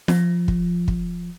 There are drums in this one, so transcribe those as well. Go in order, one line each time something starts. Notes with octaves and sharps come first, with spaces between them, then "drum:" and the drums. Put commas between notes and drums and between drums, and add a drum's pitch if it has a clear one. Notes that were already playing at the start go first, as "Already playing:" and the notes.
F3, drum: snare
drum: kick
drum: kick